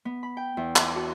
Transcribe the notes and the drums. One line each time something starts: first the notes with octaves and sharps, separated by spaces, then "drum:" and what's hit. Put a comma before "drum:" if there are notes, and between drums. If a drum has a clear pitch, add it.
B3
B5
G5
E2
D6, drum: clap
F#4